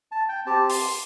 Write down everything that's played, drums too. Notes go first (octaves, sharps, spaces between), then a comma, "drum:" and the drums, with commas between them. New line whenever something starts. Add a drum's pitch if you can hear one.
A5
G5
C4 G4 A5
C6, drum: open hi-hat